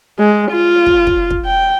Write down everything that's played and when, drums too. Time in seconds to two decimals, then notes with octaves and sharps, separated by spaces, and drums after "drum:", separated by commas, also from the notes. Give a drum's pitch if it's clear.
0.19 G#3
0.51 F4
0.86 drum: kick
1.07 drum: kick
1.30 drum: kick
1.46 G5